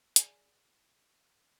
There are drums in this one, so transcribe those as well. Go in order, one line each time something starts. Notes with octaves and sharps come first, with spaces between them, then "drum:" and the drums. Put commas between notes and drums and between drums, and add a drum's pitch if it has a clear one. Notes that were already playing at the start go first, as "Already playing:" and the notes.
G#4 D5 G#5, drum: hi-hat